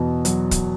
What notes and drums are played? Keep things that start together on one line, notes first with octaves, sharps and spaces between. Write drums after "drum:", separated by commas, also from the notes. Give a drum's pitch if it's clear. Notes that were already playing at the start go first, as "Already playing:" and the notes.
Already playing: E2 B2
F#3, drum: hi-hat
drum: kick, hi-hat